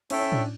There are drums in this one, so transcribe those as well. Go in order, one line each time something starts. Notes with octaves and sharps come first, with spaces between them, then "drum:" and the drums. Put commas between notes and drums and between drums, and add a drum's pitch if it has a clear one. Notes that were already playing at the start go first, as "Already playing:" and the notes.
C#4 E4 A4 C#5 E5 G5, drum: cymbal
C#4
D4, drum: tom A2